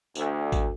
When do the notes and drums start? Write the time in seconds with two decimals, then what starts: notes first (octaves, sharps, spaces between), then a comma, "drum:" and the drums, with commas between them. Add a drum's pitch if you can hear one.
0.15 D2, drum: tambourine
0.52 drum: kick, tambourine